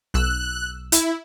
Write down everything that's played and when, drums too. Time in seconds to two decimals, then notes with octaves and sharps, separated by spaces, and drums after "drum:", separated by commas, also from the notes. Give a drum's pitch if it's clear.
0.14 B1 E6 F#6
0.92 E4, drum: hi-hat